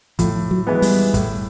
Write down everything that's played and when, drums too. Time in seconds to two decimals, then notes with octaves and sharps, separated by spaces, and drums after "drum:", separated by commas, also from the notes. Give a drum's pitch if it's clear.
0.19 A2 F3, drum: kick, hi-hat
0.51 F#3
0.67 E3 G#3 B3
0.82 G3, drum: open hi-hat
1.14 A2, drum: kick, hi-hat